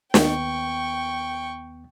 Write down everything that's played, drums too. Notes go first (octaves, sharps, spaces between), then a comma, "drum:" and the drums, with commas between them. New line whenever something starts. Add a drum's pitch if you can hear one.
D#2 B3 G5 C#6, drum: snare